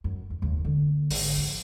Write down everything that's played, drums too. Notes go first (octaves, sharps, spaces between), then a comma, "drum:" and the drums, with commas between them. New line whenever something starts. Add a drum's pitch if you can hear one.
F#2
E2
F1 D#2
D3 A#3
G#1 D3, drum: open hi-hat
F3